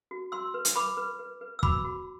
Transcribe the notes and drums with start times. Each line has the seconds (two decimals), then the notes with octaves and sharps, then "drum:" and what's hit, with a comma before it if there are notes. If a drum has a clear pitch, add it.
0.11 F#4
0.32 F#4 C6 E6
0.54 B4
0.65 drum: hi-hat
0.76 B4 B5 D6
0.97 B4
1.19 B4
1.41 B4
1.59 E6
1.63 F#4 B5 D6, drum: kick
1.85 F#4